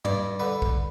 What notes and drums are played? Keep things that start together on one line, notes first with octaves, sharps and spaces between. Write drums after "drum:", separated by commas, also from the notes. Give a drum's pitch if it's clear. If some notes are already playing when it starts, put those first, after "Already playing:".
G2 D5, drum: tom
D3 B4
drum: kick